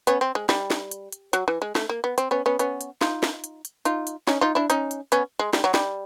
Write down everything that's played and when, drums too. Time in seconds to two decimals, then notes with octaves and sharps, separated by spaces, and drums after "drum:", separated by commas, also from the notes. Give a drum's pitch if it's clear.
0.07 B3 C#4, drum: hi-hat
0.21 C4
0.35 G#3
0.49 G3, drum: snare
0.70 drum: snare
0.91 drum: hi-hat
1.12 drum: hi-hat
1.33 F#3, drum: hi-hat
1.48 E3
1.62 G#3
1.75 A3, drum: snare
1.89 A#3
2.04 B3
2.18 C4, drum: hi-hat
2.31 B3 C#4
2.46 B3 C#4
2.59 B3 C#4, drum: hi-hat
2.81 drum: hi-hat
3.01 D#4 F4, drum: snare
3.23 drum: snare
3.44 drum: hi-hat
3.65 drum: hi-hat
3.85 D#4 F4, drum: hi-hat
4.07 drum: hi-hat
4.27 C#4 D#4, drum: snare
4.41 D#4 F4
4.55 D4 E4
4.70 C#4 D#4, drum: hi-hat
4.91 drum: hi-hat
5.12 B3 C#4, drum: hi-hat
5.39 G#3
5.53 G3, drum: snare
5.64 F#3
5.74 G3, drum: snare